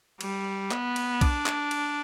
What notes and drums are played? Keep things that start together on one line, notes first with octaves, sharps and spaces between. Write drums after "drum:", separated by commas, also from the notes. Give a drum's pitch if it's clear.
G3, drum: cymbal
B3, drum: clap
drum: cymbal
D4, drum: kick B1, cymbal
drum: clap
drum: cymbal